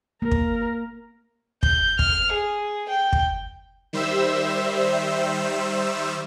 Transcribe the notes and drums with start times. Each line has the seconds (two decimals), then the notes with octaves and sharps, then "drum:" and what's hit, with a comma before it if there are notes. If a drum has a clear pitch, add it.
0.22 A#3 A#4
0.31 drum: kick
1.63 G6, drum: kick
1.99 F6, drum: kick
2.32 G#4
2.89 G5
3.13 drum: kick
3.93 D#3 G3 C5 E5 E6